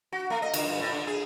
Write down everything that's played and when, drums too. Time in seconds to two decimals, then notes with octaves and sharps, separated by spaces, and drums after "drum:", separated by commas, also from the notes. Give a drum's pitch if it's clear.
0.12 F#4
0.30 A3
0.42 D#5
0.54 D3, drum: cymbal
0.66 G2
0.80 A2
0.92 D3
1.07 G#4